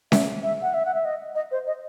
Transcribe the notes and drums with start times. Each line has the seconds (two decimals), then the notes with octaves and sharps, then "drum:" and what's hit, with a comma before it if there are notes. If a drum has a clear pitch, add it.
0.12 E5, drum: snare C#4
0.43 E5
0.62 F#5
0.74 E5
0.86 F#5
0.94 E5
1.05 D#5
1.35 D#5
1.51 C5
1.67 D#5